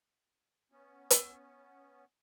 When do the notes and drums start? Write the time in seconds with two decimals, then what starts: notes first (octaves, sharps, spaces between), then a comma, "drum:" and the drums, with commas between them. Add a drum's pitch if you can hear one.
0.72 B3 C#4
1.10 drum: hi-hat